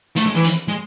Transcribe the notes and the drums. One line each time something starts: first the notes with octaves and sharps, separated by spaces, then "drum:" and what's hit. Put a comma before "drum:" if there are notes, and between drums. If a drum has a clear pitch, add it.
A3, drum: hi-hat
G#3
E3
drum: hi-hat
G#3